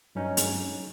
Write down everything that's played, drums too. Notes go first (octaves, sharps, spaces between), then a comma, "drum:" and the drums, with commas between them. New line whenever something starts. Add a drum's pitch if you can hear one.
G2 F#3 C#4 D#4
drum: hi-hat